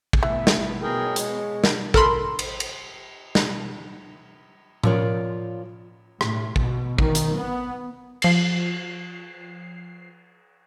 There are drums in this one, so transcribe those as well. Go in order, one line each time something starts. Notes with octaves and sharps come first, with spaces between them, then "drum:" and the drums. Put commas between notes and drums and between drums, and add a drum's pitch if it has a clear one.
drum: kick
E3 A3 B3 E4
drum: snare
B2 B3 G#4 A#4 C#5 G5
G#3, drum: hi-hat
drum: snare
A4 A#4 B5 C6, drum: kick
drum: cymbal
drum: cymbal
drum: snare
F3 F4 A#4 C#5 D5, drum: tom A2
A2, drum: rim click
B2, drum: kick
D#3, drum: kick
drum: hi-hat
B3
F3 C7, drum: cymbal